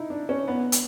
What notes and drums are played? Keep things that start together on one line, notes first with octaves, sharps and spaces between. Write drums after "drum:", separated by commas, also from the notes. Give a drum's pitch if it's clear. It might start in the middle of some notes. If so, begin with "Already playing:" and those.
Already playing: D#4 E4
D4
C#4
B3
drum: hi-hat